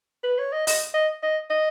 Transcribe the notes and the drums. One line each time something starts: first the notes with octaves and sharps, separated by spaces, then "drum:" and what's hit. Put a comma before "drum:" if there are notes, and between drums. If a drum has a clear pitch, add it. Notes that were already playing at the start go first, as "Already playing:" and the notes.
B4
C#5
D#5
D#5, drum: open hi-hat
D#5
D#5
D#5